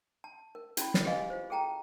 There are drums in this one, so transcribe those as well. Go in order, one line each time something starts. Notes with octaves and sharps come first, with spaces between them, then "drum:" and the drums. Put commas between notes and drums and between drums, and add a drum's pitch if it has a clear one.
A5
A#4
C#4 E4 B5, drum: hi-hat
drum: snare
G4 G#4 B4 D#5 F5 G#5
F4 C5
G#4 A4 G5 A5 A#5